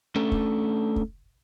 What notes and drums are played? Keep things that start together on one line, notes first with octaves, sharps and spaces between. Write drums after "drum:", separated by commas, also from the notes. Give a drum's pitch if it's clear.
A3 C#4 D4 A4
drum: kick
drum: kick